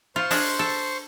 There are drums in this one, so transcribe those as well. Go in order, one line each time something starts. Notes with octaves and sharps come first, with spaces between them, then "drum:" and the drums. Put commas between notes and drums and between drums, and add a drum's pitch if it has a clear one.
F4 C5 C6 C#6
D4 G#4 D#5, drum: open hi-hat
A4